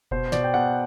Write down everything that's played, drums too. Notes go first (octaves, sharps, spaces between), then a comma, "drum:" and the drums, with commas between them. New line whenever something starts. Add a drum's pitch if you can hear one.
B2 C5, drum: kick F1
B2 D5, drum: snare
G5
B2 F#5